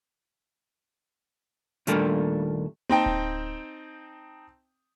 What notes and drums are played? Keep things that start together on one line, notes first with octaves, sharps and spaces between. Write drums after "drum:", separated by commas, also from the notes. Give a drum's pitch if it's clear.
D#2 A#2 G3 A3 A#3 D4, drum: hi-hat
C4 D#4 G5 A5, drum: tom A#3
drum: kick D1